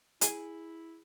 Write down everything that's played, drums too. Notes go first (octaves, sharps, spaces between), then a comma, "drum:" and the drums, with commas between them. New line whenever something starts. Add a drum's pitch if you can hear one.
E4 G#4 G#5, drum: hi-hat